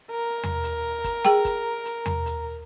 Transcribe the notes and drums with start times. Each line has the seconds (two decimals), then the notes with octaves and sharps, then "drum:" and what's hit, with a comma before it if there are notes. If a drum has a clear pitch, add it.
0.11 A#4
0.43 drum: tom E2
0.64 drum: hi-hat
1.04 drum: kick, hi-hat
1.25 G#4 G5, drum: snare
1.45 drum: kick, hi-hat
1.85 drum: hi-hat
2.06 drum: tom E2
2.26 drum: hi-hat